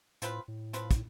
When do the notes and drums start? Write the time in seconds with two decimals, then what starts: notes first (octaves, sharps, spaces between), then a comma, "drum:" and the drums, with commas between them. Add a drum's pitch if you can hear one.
0.22 A2 F3 C4 F4 B4, drum: hi-hat
0.48 A2
0.73 F3 C4 F4 B4, drum: hi-hat
0.91 drum: kick, hi-hat